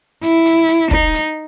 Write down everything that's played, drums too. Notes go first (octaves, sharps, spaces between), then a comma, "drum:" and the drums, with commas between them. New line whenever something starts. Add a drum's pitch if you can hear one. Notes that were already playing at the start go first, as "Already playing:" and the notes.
E4, drum: hi-hat
drum: hi-hat
drum: hi-hat
D#4, drum: kick
drum: hi-hat